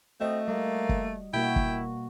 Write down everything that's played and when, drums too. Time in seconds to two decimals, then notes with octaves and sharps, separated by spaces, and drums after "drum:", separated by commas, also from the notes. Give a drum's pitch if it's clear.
0.21 A3 C4 F#4 D#5
0.48 G3 A#3
0.89 drum: kick
1.34 B2 A#3 E4 F#4 G5
1.56 drum: kick